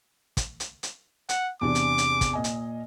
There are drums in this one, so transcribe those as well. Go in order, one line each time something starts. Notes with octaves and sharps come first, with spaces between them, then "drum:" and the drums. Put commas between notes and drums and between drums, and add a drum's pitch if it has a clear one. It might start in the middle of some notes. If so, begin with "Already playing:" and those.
drum: kick, hi-hat
drum: hi-hat
drum: hi-hat
F#5, drum: hi-hat
E2 C3 D4 D6
drum: hi-hat
drum: hi-hat
drum: kick, hi-hat
A#2 D#5 G#5
drum: hi-hat